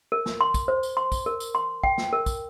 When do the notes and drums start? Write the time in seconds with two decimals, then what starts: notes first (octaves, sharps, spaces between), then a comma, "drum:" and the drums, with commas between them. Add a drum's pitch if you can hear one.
0.12 A#4
0.26 drum: snare
0.41 C6
0.54 drum: kick, tambourine
0.68 C5
0.83 drum: tambourine
0.97 C6
1.12 drum: kick, tambourine
1.26 A#4
1.40 drum: tambourine
1.55 C6
1.83 G5, drum: kick
1.98 drum: snare
2.13 A#4
2.26 drum: kick, tambourine